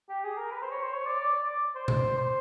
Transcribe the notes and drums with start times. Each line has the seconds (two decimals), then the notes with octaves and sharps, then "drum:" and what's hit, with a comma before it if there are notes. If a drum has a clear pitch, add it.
0.09 G4
0.24 G#4
0.38 A#4
0.51 B4
0.62 C5
0.71 C#5
0.83 C5
0.93 C#5
1.06 D5
1.21 D5
1.34 D5
1.75 C5
1.88 drum: tom B2
2.18 C5